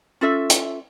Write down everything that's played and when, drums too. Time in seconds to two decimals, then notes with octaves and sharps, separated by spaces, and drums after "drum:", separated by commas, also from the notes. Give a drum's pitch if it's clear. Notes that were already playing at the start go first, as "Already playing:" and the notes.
0.21 C#4 F4 A4 E5
0.50 drum: hi-hat